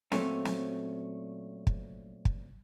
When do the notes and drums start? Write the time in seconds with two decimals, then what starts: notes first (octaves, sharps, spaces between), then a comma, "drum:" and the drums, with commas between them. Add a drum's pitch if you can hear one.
0.12 A#2 F#3 A3 C4 C#4, drum: snare
0.45 drum: snare
1.67 drum: kick
2.25 drum: kick